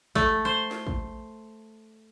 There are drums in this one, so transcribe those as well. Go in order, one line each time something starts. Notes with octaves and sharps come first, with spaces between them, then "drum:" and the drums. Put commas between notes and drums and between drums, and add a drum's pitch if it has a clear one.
A3, drum: kick
C5
drum: snare
drum: kick